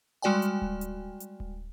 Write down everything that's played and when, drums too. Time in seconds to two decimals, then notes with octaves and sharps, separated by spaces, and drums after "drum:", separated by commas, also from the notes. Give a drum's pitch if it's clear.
0.22 G3 G#3 F#4 D5 G5 G#5
0.42 drum: hi-hat
0.62 drum: kick D1
0.81 drum: hi-hat
1.20 drum: hi-hat
1.40 drum: kick D1